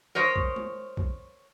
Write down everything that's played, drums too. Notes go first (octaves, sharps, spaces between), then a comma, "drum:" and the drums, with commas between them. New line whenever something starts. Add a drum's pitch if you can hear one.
A#4 C5 C#5 D#5
drum: kick B1
drum: tom G#3
drum: kick B1